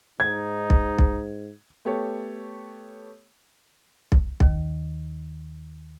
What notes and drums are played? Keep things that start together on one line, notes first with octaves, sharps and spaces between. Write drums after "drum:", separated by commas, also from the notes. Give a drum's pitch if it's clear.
G#2 D#4 G#6
drum: kick B1
drum: kick B1
A3 B3 G4 A4 C#5
drum: kick B1
D#2 D#3, drum: kick B1